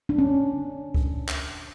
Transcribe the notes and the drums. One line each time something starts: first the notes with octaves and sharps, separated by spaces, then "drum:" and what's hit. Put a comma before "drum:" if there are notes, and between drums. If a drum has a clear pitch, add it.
D4
C#4
drum: kick C#2
drum: clap